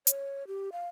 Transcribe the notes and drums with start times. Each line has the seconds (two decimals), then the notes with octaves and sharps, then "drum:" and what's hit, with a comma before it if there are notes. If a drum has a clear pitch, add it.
0.07 C#5, drum: hi-hat
0.47 G4
0.72 F5